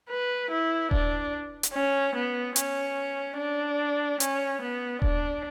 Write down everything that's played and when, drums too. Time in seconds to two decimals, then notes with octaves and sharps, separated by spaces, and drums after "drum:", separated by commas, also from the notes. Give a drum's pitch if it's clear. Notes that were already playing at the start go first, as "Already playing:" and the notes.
0.09 B4
0.50 E4
0.91 D4, drum: kick D#1
1.63 drum: hi-hat
1.73 C#4
2.15 B3
2.56 C#4, drum: hi-hat
3.37 D4
4.20 C#4, drum: hi-hat
4.61 B3
5.02 D4, drum: kick D#1